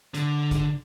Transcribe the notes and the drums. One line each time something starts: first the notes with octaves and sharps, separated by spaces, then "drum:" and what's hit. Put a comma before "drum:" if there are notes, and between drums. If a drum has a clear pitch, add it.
D3, drum: hi-hat
drum: kick, hi-hat